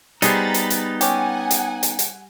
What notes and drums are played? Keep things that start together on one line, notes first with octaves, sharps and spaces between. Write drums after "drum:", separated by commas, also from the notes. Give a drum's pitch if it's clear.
G3 B3 D#4 G#4 C5 A#5 B5 A6, drum: hi-hat
drum: hi-hat
drum: hi-hat
C#4 G4 F#5 G#5, drum: hi-hat
drum: hi-hat
drum: hi-hat
drum: hi-hat